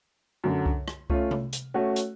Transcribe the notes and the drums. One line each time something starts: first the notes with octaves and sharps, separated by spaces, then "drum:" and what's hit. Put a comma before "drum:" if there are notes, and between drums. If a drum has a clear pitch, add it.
F#2 D3 F#3
drum: kick C2
drum: rim click
A3 C#4 F4, drum: kick C2
drum: tom C3
drum: hi-hat
A3 C#4 F#4
drum: hi-hat